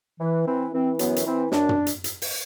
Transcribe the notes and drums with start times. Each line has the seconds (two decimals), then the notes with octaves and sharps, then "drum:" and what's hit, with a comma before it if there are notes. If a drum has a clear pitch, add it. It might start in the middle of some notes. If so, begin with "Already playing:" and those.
0.20 E3
0.46 E3 C4
0.72 E3 C4
0.99 F#2 B3, drum: hi-hat
1.16 drum: hi-hat
1.25 E3 C4
1.52 F#2 D4, drum: snare
1.69 drum: tom
1.87 drum: hi-hat
2.04 drum: hi-hat
2.22 drum: open hi-hat